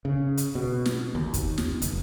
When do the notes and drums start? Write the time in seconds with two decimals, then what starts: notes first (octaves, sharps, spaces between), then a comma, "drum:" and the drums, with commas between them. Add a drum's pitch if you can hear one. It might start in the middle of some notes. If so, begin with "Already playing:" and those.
0.05 C#3
0.37 drum: hi-hat
0.55 B2
0.86 drum: snare
1.15 D#2
1.34 drum: kick, hi-hat
1.58 drum: snare
1.82 F1, drum: hi-hat